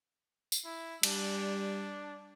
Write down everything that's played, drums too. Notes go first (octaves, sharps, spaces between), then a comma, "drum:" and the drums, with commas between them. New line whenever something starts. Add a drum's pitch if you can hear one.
drum: tambourine
E4
G3 D4, drum: cymbal